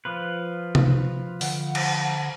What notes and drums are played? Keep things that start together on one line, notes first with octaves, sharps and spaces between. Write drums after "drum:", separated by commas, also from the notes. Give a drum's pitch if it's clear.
F3 F4 B4
drum: tom C3
D3 F#5, drum: open hi-hat
drum: cymbal